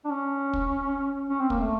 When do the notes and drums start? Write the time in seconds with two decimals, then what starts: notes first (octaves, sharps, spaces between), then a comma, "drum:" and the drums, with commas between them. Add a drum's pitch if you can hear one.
0.05 D4
0.10 C#4
0.53 drum: kick
1.30 C#4
1.40 C4
1.50 A#3, drum: kick
1.60 A3